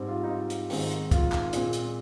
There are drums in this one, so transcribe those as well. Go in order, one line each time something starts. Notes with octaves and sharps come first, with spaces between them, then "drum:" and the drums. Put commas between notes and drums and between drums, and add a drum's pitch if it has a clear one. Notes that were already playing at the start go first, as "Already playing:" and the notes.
Already playing: G#2 G3 C4
F4
D#4
F4
drum: hi-hat
G#2 D#3 G#3 C4, drum: open hi-hat
drum: hi-hat
F4, drum: kick, hi-hat
drum: clap
A#2 G#3 C4, drum: hi-hat
drum: hi-hat